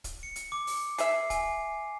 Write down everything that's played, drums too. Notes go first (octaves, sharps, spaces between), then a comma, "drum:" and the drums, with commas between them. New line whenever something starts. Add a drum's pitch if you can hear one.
drum: kick, hi-hat
C#7
drum: hi-hat
D6
drum: open hi-hat
G#4 E5 C7, drum: hi-hat
G#5, drum: kick, hi-hat